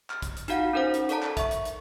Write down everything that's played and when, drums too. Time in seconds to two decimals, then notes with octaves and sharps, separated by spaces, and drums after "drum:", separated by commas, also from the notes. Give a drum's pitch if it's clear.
0.10 F6, drum: clap
0.22 drum: kick, hi-hat
0.37 drum: hi-hat
0.48 D#4 F4 F#4 F5 F#5, drum: hi-hat
0.73 C#4 D#4 A#4 C5 F#5
0.94 drum: hi-hat
1.09 A4 A#4 D5 A5 A#5, drum: hi-hat
1.23 drum: clap
1.37 E5 C#6, drum: kick, hi-hat
1.51 drum: hi-hat
1.65 drum: hi-hat